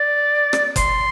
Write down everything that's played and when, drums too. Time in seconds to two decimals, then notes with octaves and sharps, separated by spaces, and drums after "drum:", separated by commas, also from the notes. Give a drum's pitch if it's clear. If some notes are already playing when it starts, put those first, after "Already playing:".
Already playing: D5
0.53 drum: rim click
0.76 C6, drum: kick F#1, hi-hat